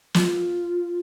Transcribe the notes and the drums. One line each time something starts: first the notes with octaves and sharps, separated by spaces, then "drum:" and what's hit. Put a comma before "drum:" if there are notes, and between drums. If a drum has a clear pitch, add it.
F4, drum: snare